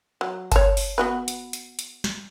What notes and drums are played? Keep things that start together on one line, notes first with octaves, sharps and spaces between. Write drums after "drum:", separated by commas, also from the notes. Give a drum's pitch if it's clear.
F#3
C#5 A5, drum: kick G1, hi-hat
drum: open hi-hat
B3 F#4 B4
drum: hi-hat
drum: hi-hat
drum: hi-hat
drum: snare